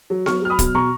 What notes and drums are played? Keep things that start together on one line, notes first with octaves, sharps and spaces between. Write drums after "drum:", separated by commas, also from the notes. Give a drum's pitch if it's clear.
F#3
F#3 C#6 F6, drum: snare B3
F#3 F6
B5 D#6
B2, drum: kick, hi-hat
B2 A#5 C#6